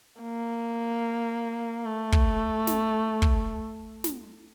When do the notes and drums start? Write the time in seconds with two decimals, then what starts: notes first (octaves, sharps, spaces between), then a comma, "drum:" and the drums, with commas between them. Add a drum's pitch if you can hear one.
0.21 A#3
1.85 A3
2.12 drum: kick
2.67 drum: snare
3.22 drum: kick
4.04 drum: snare